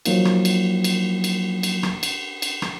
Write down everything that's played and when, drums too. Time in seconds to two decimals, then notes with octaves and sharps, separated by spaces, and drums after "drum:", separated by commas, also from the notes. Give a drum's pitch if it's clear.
0.05 F3 F#3 A#3 D#4, drum: cymbal
0.25 drum: rim click
0.45 drum: cymbal
0.84 drum: cymbal
1.24 drum: cymbal
1.63 drum: cymbal
1.83 drum: rim click
2.03 drum: cymbal
2.42 drum: cymbal
2.62 drum: rim click